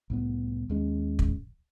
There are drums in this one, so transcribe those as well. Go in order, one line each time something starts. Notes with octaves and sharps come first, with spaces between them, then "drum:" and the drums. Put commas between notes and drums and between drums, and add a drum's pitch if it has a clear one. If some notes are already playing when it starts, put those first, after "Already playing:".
C2 A2 B3
D#2 G#3 C#4
drum: kick